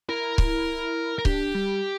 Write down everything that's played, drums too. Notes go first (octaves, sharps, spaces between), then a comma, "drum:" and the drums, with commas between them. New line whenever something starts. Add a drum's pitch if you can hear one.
E4 A#4
drum: kick C#1
A#4
D4 G4, drum: kick C#1
G3